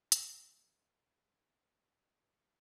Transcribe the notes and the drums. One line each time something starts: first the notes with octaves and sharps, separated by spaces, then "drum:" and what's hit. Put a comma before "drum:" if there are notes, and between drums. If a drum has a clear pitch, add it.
D3 C4 D#4 E4 C6 G6, drum: hi-hat
D3 G3 F4 G#4
D#6 C#7